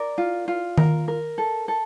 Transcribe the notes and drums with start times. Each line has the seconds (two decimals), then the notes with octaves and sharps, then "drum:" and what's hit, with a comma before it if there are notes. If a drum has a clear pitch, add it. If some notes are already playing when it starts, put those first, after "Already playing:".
Already playing: A#4 D5
0.18 F4
0.48 F4
0.78 A#4, drum: tom D#3
1.08 A#4
1.38 A4
1.68 A4